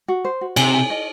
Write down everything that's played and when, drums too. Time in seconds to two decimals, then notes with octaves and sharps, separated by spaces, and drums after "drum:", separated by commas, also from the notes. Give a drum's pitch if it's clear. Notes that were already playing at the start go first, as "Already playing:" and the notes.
0.08 F#4
0.25 C5
0.41 F#4
0.56 C3 G#5, drum: cymbal
0.74 G#5
0.90 D#5